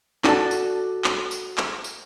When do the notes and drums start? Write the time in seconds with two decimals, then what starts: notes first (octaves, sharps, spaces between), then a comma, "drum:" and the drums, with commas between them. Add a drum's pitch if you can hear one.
0.24 D4 F#4 A4 D5 A5, drum: clap
0.51 drum: tambourine
1.04 drum: clap
1.31 drum: tambourine
1.58 drum: clap
1.84 drum: tambourine